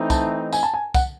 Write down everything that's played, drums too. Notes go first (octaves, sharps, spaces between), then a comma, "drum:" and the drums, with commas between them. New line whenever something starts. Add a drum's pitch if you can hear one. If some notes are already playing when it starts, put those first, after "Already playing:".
Already playing: E3 A3 C4 D#4
A5, drum: kick C2, tambourine
G#5, drum: tambourine
A5
G#5
F#5, drum: kick C2, tambourine